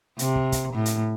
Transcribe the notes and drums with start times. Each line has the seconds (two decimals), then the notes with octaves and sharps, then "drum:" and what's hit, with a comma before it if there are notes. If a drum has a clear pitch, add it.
0.19 C3, drum: hi-hat
0.36 drum: kick
0.52 drum: kick, hi-hat
0.74 A2
0.86 drum: hi-hat